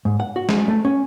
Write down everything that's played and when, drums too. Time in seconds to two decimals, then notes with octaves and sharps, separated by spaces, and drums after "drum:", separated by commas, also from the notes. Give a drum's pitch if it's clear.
0.05 G#2
0.20 F#5
0.36 F#4
0.49 G#3, drum: snare
0.68 A3
0.85 C#4